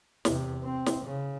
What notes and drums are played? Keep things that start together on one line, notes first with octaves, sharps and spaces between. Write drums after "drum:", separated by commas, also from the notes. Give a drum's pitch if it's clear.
E2 C3, drum: snare
C4
drum: snare
C#3